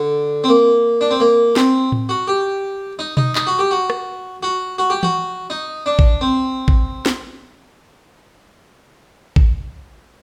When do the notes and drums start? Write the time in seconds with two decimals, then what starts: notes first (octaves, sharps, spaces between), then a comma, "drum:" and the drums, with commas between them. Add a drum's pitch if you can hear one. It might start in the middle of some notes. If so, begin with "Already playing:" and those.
Already playing: D3
0.44 C4
0.49 A#3
1.01 D4
1.11 C4
1.20 A#3
1.56 C4, drum: snare
1.92 drum: tom A2
2.09 F#4
2.28 G4
2.99 D#4
3.17 D#4, drum: tom B2
3.35 D#4, drum: clap
3.47 F#4
3.59 G4
3.71 F#4
3.90 drum: rim click
4.43 F#4
4.78 F#4
4.90 G4
5.03 F#4, drum: tom E3
5.50 D#4
5.86 D4
5.99 drum: kick A1
6.21 C4
6.68 drum: kick A1
7.06 drum: snare
9.36 drum: kick A1